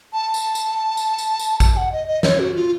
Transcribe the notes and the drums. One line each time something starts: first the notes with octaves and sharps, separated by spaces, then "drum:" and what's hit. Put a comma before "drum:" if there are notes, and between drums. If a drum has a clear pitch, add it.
A5
drum: tambourine
drum: tambourine
drum: tambourine
drum: tambourine
drum: tambourine
A5, drum: kick A1, tambourine
F#5
D#5
D#5
C#5, drum: snare
F#4
F4